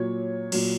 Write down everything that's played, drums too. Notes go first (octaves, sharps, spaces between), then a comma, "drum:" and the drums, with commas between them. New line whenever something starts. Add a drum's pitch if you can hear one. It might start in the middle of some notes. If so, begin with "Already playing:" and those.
Already playing: A#2 F#3 C#5
A#2 F#3, drum: cymbal